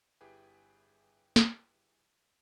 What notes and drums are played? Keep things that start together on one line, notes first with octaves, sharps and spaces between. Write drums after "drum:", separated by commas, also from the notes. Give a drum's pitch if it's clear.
G1 E4 G4 G#4 B4
drum: snare